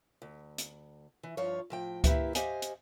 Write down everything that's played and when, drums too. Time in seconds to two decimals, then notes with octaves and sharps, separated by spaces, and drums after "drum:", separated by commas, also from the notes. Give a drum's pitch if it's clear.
0.22 D2
0.58 drum: hi-hat
1.23 E3
1.37 G2 F3 F4 C#5
1.70 A2 F3 G5
2.04 A#3 E4 G4 B4 E5, drum: kick C#2, hi-hat
2.35 G4 C5 D#5 F5 G#5, drum: hi-hat
2.62 drum: hi-hat